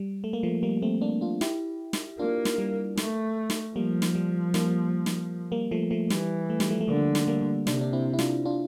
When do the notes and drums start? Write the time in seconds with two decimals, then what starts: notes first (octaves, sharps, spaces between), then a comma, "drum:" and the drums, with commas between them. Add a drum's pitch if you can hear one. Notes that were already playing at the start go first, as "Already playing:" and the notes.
Already playing: G3
0.24 A3
0.33 A#3
0.43 F3 A3
0.63 G3 A#3
0.82 A3 C4
1.01 A#3 D4
1.21 D4 F4
1.41 E4 G4, drum: snare
1.93 drum: snare
2.19 A#3 D4 F4
2.45 drum: snare
2.58 G3
2.97 A3, drum: snare
3.50 drum: snare
3.76 F3 G3 A#3
4.02 drum: snare
4.15 G3
4.54 G3 A#3, drum: snare
5.06 drum: snare
5.52 G3 A#3
5.71 F3 A3
5.91 F3 A3
6.10 E3 G3, drum: snare
6.50 A3
6.60 G3, drum: snare
6.70 F3 A3
6.81 A3
6.88 D3 G3 A#3
7.15 drum: snare
7.28 G3 A#3
7.67 C3 A#3 D4, drum: snare
7.81 D4
7.93 C4 E4
8.13 E4
8.19 D4 F4, drum: snare
8.45 D4 F4